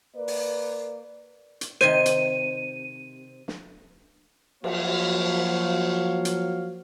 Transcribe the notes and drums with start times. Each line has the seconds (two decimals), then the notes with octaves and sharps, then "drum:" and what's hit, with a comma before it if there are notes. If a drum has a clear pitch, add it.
0.16 A#3 A#4 B4 D5
0.28 drum: open hi-hat
1.61 drum: hi-hat
1.81 C3 D#3 C5 G#5 D#7
2.06 drum: hi-hat
3.48 drum: snare
4.64 F3 F#3 A#3 F#4 C#5 F5, drum: cymbal
6.25 drum: hi-hat